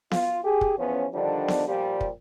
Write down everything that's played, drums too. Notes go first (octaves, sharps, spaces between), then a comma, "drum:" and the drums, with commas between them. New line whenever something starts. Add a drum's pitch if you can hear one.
F4, drum: snare B3
G4 G#4
drum: kick
E2 F3 B3 C#4
D3 D#3 F3 G3 D4
drum: snare B3
A#2 F3 G3
drum: kick